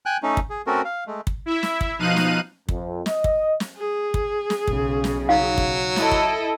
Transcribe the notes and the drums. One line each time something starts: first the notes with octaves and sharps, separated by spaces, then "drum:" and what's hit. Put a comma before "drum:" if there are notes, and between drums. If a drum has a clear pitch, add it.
G5 G#5 F#6
A3 C#4 D#4
drum: kick
G#4
A3 C4 C#4 F#4 A4 A#4
F5
G#3 A3
drum: kick
E4 E5
drum: snare
drum: kick
B2 F3 D#4 F5 F#6 D#7
drum: snare
F2, drum: kick
D#5, drum: snare
drum: kick
drum: snare
G#4
drum: kick
drum: snare
B1 C#3, drum: kick
drum: snare
F#3 D#4 F5
drum: kick
E4 A4 D#5, drum: snare
drum: kick